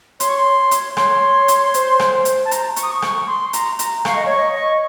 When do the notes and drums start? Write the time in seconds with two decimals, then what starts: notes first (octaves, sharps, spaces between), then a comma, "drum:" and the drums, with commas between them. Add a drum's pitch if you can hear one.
0.20 C#5 C6, drum: hi-hat
0.29 C#6
0.37 C6
0.71 drum: hi-hat
0.97 C#5 C6, drum: rim click
1.48 drum: hi-hat
1.74 C5, drum: hi-hat
1.99 drum: rim click
2.25 drum: hi-hat
2.45 A5
2.51 A#5, drum: hi-hat
2.76 C#6, drum: hi-hat
2.83 D#6
2.92 C#6
3.02 C#6, drum: rim click
3.27 C6
3.53 A#5, drum: hi-hat
3.79 A#5, drum: hi-hat
4.05 F5 C#6, drum: rim click
4.15 D#5
4.26 C#5 C#6
4.37 D#5
4.55 C#6